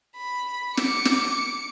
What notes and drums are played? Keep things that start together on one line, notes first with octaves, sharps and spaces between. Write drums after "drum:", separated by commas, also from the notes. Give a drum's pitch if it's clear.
B5
D6 C#7, drum: snare
drum: snare